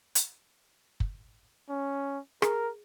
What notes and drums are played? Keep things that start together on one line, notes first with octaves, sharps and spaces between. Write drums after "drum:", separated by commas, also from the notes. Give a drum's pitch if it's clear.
drum: hi-hat
drum: kick
C#4
G#4 A#4, drum: rim click